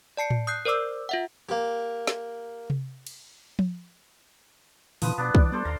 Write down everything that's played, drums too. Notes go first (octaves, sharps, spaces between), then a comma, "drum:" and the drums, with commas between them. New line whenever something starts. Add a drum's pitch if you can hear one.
D5 A5 C7 C#7
drum: tom A2
D#6 F#6 G6 C7
A#4 C5 D5 D6 E6
F4 E5 F#5
A#3 G4
drum: snare
drum: tom C3
drum: cymbal
drum: tom F3
A#2 D3 E3 F3 B4 D#6, drum: open hi-hat
B2 B3 D4
E3 D5, drum: kick
G3 B3 A4 C5 D5
D#2 F5 A#5 C6